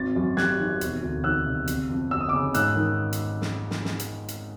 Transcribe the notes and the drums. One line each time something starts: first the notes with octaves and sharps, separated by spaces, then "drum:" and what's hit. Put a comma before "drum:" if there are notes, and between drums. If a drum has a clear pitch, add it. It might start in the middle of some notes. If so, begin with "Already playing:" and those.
Already playing: G#1 A6
F#2
G3 F#6 G#6, drum: snare
D#3
E1, drum: hi-hat
D2
D#3 E6 F#6
C3
G1, drum: hi-hat
F2
G1 E6
D#6
C#3 D6 E6
G#2 E6 F#6, drum: hi-hat
D#3
drum: hi-hat
drum: snare
drum: snare
drum: snare
drum: hi-hat
drum: hi-hat